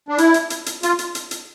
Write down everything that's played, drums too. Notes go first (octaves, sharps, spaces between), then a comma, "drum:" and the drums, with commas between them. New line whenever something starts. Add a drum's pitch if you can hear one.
D4
E4, drum: hi-hat
drum: hi-hat
drum: hi-hat
drum: hi-hat
F4, drum: hi-hat
drum: hi-hat
drum: hi-hat
drum: hi-hat